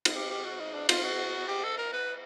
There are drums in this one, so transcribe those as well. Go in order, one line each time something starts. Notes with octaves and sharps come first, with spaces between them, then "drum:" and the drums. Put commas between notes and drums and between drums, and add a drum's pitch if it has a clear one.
drum: cymbal
G4
G4
F#4
D#4
D4
F4, drum: cymbal
F#4
G4
A4
A#4
B4